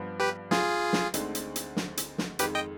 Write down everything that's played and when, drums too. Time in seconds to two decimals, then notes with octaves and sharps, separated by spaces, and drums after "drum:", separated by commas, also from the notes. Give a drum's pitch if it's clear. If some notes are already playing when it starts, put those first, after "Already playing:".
Already playing: G2 F3 B3
0.20 G4 B4
0.51 F4 G#4, drum: snare
0.93 drum: snare
1.14 D2 D3 G#3 C4 D#4, drum: hi-hat
1.35 drum: hi-hat
1.56 drum: hi-hat
1.77 drum: snare
1.97 drum: hi-hat
2.18 drum: snare
2.39 F2 D#3 G#3 G4 B4, drum: hi-hat
2.55 D#5 G5